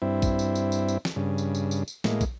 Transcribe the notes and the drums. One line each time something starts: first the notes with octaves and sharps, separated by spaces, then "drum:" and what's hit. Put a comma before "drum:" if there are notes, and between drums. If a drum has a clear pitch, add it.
G2 C4 E4
drum: kick, tambourine
drum: tambourine
drum: tambourine
drum: tambourine
drum: tambourine
drum: snare
G2 C#3
drum: tambourine
drum: tambourine
drum: tambourine
drum: tambourine
A2 G#3 A#3, drum: snare
drum: kick, tambourine